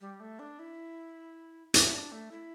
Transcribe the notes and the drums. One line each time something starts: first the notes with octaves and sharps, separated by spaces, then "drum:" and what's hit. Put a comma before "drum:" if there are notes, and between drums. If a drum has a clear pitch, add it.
G3
A3
D4
E4
E4, drum: hi-hat
D4
A3
E4